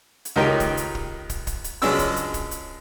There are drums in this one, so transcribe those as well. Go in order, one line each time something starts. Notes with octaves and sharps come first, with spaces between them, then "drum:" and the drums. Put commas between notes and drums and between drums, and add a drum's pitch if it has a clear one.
drum: hi-hat
C#2 D#3 G4 A#4 D#5 G5
drum: kick, hi-hat
drum: hi-hat
drum: kick
drum: kick, hi-hat
drum: kick, hi-hat
drum: hi-hat
C#2 F#2 G#3 C#4 D4 E6, drum: open hi-hat
drum: kick, hi-hat
drum: hi-hat
drum: kick, hi-hat
drum: hi-hat